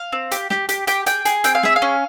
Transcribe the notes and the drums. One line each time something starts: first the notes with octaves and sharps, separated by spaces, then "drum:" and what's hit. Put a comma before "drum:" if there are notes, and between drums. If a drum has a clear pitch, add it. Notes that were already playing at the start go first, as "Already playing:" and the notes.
Already playing: F5
C4
G4, drum: hi-hat
G4, drum: snare
G4, drum: hi-hat
G4 G5, drum: hi-hat
G#4 G5, drum: hi-hat
G#4, drum: hi-hat
C4 G5, drum: hi-hat
F5
G#4 E5, drum: snare
F5
C#4